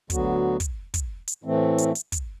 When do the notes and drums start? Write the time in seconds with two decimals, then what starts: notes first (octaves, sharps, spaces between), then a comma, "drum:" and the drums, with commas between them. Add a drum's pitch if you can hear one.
0.10 D2 D3 F#3 B3 F#4, drum: kick, hi-hat
0.60 drum: kick, hi-hat
0.94 drum: kick, hi-hat
1.28 drum: hi-hat
1.44 A2 E3 A3 C4
1.78 drum: hi-hat
1.95 drum: hi-hat
2.12 drum: kick, hi-hat